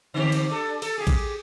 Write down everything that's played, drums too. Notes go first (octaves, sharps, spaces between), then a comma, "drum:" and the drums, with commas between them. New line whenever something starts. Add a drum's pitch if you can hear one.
D3 C4 G4
drum: cymbal
D4 A4
A4, drum: cymbal
G4 G#4
drum: kick A1, cymbal